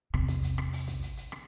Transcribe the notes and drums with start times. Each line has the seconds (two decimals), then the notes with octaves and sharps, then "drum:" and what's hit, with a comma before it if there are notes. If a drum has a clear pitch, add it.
0.14 E2 C3, drum: rim click
0.28 drum: kick, hi-hat
0.43 drum: hi-hat
0.58 drum: rim click
0.73 drum: open hi-hat
0.88 drum: kick, hi-hat
1.02 drum: hi-hat
1.17 drum: hi-hat
1.32 drum: rim click